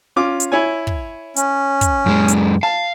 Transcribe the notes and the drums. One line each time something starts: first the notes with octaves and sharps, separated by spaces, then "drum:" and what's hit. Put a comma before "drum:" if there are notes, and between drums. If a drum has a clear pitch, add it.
C#4 F4 D6
drum: hi-hat
E4 C#5 G#5
drum: kick
C#4, drum: hi-hat
drum: kick, hi-hat
F#2 G#3
drum: hi-hat
F5 A5